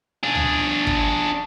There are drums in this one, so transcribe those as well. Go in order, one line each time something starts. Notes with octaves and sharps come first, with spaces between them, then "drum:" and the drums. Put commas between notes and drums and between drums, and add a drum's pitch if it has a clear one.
D4 G#4
drum: tom C#2
drum: kick